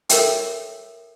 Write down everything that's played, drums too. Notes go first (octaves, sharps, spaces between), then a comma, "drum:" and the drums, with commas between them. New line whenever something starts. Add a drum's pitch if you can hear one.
A4 A#4 C#5 E5 G5, drum: hi-hat